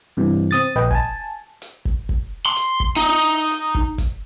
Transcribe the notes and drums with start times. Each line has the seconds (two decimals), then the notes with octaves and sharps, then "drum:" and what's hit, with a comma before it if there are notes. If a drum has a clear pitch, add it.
0.17 G2 C3 E3
0.51 C4 D#6 A6
0.76 A#1 B4 D#5 G5
0.91 G#5 A5, drum: kick G1
1.62 drum: hi-hat
1.85 drum: kick G1
2.09 drum: kick G1
2.46 C6
2.56 drum: hi-hat
2.80 drum: kick G1
2.97 D#4
3.51 drum: hi-hat
3.75 drum: kick G1
3.98 drum: kick G1, hi-hat